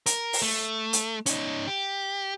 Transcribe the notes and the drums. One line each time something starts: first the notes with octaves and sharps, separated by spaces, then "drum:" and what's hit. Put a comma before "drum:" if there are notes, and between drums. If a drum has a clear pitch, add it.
A#4, drum: hi-hat
drum: open hi-hat
A3
drum: hi-hat
C#4 D#4, drum: hi-hat
G4